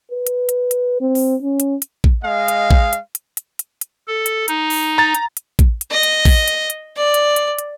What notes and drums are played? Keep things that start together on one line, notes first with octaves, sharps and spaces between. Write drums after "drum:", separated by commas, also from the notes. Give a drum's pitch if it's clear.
B4
drum: hi-hat
drum: hi-hat
drum: hi-hat
C4
drum: open hi-hat
C#4
drum: hi-hat
drum: hi-hat
drum: kick
G#3 D#5 F5
drum: hi-hat
drum: kick
drum: hi-hat
drum: hi-hat
drum: hi-hat
drum: hi-hat
drum: hi-hat
A4
drum: hi-hat
D#4, drum: hi-hat
drum: open hi-hat
A#5 A6
drum: hi-hat
drum: hi-hat
drum: kick, hi-hat
drum: hi-hat
D#5
drum: hi-hat
drum: kick, open hi-hat
drum: hi-hat
drum: hi-hat
D5
drum: hi-hat
drum: hi-hat
drum: hi-hat